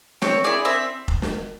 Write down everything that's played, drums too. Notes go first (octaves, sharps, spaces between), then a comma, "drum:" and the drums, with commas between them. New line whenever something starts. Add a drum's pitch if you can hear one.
C4 C#5, drum: snare
E4 G#4 D5
C4 E5
drum: kick F1
drum: snare